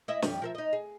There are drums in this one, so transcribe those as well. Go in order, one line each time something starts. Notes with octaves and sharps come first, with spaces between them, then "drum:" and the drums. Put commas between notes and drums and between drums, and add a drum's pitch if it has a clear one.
E4 D#5 E5
F2 D#3 G3, drum: snare
F3 A#4 E5
D#4 D#5
G#4